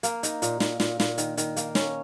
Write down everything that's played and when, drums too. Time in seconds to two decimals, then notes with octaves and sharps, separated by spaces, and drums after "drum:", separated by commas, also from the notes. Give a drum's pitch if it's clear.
0.03 A#3, drum: hi-hat
0.23 D#4, drum: hi-hat
0.42 A#2, drum: hi-hat
0.60 A#2, drum: snare
0.80 A#2, drum: snare
1.00 A#2, drum: snare
1.18 D#3, drum: hi-hat
1.37 D#3, drum: hi-hat
1.56 A#3, drum: hi-hat
1.75 C#4, drum: snare